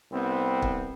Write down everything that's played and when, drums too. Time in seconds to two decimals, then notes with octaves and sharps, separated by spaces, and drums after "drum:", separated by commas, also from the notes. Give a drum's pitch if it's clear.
0.12 C2 B3 C4
0.62 drum: kick